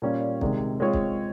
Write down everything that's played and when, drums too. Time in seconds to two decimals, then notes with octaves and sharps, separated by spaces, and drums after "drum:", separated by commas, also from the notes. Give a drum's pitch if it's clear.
0.02 A#2 G3 C#4
0.41 C3 D#3 G#3, drum: kick
0.80 G#3 C4 F4 G#4 C#5
0.94 drum: kick